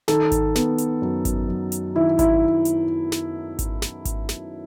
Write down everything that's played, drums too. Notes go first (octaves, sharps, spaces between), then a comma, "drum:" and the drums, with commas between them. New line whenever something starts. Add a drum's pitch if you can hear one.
D#3 A4, drum: snare
drum: kick G#1, hi-hat
B3, drum: snare
drum: hi-hat
F#2
drum: kick G#1, hi-hat
F#3
drum: hi-hat
D#3 E4
E4, drum: kick G#1, hi-hat
drum: hi-hat
drum: snare
drum: kick G#1, hi-hat
drum: snare
drum: kick G#1, hi-hat
drum: snare